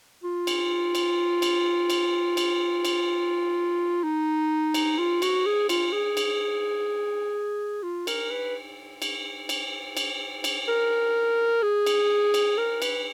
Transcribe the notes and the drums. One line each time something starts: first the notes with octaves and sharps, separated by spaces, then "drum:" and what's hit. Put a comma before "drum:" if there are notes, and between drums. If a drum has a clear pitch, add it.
F4
drum: cymbal
drum: cymbal
drum: cymbal
drum: cymbal
drum: cymbal
drum: cymbal
D#4
drum: cymbal
F4
F#4, drum: cymbal
G#4
F4, drum: cymbal
G#4
drum: cymbal
F4
A#4, drum: cymbal
B4
drum: cymbal
drum: cymbal
drum: cymbal
drum: cymbal
A#4
G#4
drum: cymbal
drum: cymbal
A#4
B4, drum: cymbal